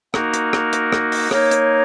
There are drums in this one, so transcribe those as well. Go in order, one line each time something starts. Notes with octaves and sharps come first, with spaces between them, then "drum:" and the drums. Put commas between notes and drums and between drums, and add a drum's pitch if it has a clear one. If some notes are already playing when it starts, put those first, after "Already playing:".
A#3 D#4 F#4 A#4, drum: rim click
drum: hi-hat
drum: rim click
drum: hi-hat
drum: rim click
drum: open hi-hat
A#3 D#4 A#4 C#5, drum: rim click
drum: hi-hat